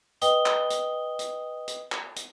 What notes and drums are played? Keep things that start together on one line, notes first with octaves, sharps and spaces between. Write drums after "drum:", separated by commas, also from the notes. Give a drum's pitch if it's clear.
B4 D#5 G5 D#6 G7, drum: hi-hat
drum: clap
drum: hi-hat
drum: hi-hat
drum: hi-hat
drum: clap
drum: hi-hat